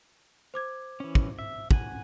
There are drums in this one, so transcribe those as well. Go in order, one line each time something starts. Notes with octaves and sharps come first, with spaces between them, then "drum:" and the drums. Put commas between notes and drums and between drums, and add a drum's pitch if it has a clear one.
C5 D6 G#6
E3 C#4
drum: kick
E5
F#5 G#5, drum: kick